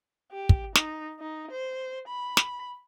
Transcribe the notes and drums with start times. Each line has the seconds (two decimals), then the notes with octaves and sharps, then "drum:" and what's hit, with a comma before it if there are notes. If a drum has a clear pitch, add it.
0.32 G4
0.49 drum: kick
0.75 D#4, drum: snare
1.20 D#4
1.51 C5
2.07 B5
2.37 drum: snare